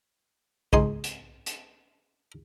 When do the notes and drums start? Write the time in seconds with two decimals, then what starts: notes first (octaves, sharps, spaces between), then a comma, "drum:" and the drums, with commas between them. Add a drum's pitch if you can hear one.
0.73 C#2 G#2 D#4 D#5 G#5 C6, drum: kick
1.04 drum: hi-hat
1.46 drum: hi-hat